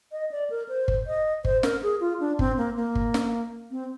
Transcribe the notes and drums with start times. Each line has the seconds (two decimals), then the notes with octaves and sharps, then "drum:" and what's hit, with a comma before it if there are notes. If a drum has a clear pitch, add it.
0.12 D#5
0.31 D5
0.50 A#4
0.69 C5
0.88 drum: kick G1
1.07 D#5
1.45 C5, drum: kick G1
1.63 A#4, drum: snare
1.83 G#4
2.00 F4
2.20 D4
2.39 C4, drum: kick G1
2.57 A#3
2.76 A#3
2.95 drum: kick G1
3.14 drum: snare
3.71 C4